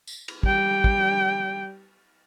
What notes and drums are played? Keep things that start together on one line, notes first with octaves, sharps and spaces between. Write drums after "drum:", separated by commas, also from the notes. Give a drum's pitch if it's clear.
drum: tambourine
drum: cymbal
G3 G5, drum: kick
drum: kick